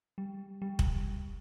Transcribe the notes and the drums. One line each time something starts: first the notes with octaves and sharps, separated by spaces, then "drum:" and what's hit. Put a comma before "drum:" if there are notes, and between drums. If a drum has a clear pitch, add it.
G3
G3
drum: kick